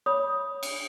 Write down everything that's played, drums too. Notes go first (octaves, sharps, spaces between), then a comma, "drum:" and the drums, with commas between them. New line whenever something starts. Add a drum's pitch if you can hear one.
C#5 B5 D#6
drum: cymbal